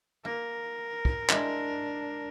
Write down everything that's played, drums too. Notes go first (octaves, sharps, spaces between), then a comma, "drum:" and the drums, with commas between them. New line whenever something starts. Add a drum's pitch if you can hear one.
A#3 A#4
drum: kick
G#3 D4 E4, drum: clap